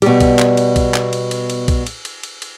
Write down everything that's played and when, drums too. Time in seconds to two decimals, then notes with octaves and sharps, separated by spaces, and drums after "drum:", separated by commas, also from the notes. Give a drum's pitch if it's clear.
0.02 B2 G3, drum: cymbal
0.21 drum: kick B1, cymbal
0.39 drum: clap
0.57 drum: cymbal
0.76 drum: kick B1, cymbal
0.94 drum: clap
1.13 drum: cymbal
1.31 drum: cymbal
1.50 drum: cymbal
1.68 drum: kick B1, cymbal
1.87 drum: cymbal
2.05 drum: cymbal
2.23 drum: cymbal
2.42 drum: cymbal